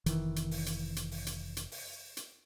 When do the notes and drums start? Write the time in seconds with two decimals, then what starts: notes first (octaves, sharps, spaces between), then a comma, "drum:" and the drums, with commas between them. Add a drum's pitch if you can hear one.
0.06 F1 D#3 E3, drum: hi-hat
0.36 drum: hi-hat
0.51 drum: open hi-hat
0.66 drum: hi-hat
0.96 drum: hi-hat
1.11 drum: open hi-hat
1.27 drum: hi-hat
1.57 drum: hi-hat
1.72 drum: open hi-hat
2.17 drum: hi-hat